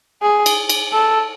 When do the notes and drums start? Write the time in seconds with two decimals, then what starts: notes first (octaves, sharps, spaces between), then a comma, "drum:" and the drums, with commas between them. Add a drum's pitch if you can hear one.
0.22 G#4
0.46 drum: cymbal
0.69 drum: cymbal
0.93 A4